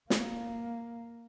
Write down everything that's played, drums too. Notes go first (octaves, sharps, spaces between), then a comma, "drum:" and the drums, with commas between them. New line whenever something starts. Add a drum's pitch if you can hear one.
A#3, drum: snare